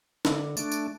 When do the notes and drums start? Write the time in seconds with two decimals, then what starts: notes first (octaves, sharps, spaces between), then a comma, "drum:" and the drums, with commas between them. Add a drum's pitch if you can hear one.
0.25 D3, drum: snare
0.57 A3 D4, drum: tambourine
0.72 drum: tambourine